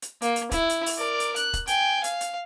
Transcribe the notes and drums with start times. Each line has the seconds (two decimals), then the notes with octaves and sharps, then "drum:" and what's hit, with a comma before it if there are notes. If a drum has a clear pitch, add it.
0.02 drum: hi-hat
0.22 A#3, drum: hi-hat
0.36 drum: hi-hat
0.52 E4, drum: kick, hi-hat
0.69 drum: hi-hat
0.86 drum: open hi-hat
0.97 A#4 D5
1.20 drum: hi-hat
1.36 F#6, drum: hi-hat
1.53 drum: kick, hi-hat
1.67 G5 G#5, drum: hi-hat
2.04 F5, drum: hi-hat
2.21 drum: hi-hat